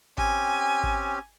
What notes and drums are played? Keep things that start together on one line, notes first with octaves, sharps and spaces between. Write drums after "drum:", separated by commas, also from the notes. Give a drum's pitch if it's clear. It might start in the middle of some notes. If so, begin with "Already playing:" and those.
C4 C#4 G4 G#5, drum: kick G#1
drum: kick G#1